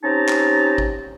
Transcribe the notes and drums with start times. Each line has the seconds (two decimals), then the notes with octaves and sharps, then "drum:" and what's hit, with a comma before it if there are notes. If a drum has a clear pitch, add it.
0.04 C4 C#4 D#4 G4 A5 A#5
0.29 drum: clap
0.78 drum: kick G#1